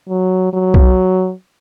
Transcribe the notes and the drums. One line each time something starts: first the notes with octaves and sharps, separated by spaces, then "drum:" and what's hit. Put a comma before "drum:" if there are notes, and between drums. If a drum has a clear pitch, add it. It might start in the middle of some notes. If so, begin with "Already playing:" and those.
F#3
F#3
drum: kick B1